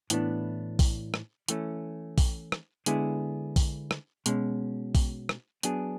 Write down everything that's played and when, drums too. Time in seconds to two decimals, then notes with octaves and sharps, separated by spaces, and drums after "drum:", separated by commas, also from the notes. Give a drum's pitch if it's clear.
0.10 A2 E3 B3 D4, drum: hi-hat
0.79 drum: kick A#1, open hi-hat
1.14 drum: rim click
1.48 E3 A3 C#4, drum: hi-hat
2.18 drum: kick A#1, open hi-hat
2.52 drum: rim click
2.86 D3 G#3 B3 E4 G#4, drum: hi-hat
3.56 drum: kick A#1, open hi-hat
3.91 drum: rim click
4.26 B2 G#3 C#4, drum: hi-hat
4.95 drum: kick A#1, open hi-hat
5.29 drum: rim click
5.63 F#3 B3 D4 G#4, drum: hi-hat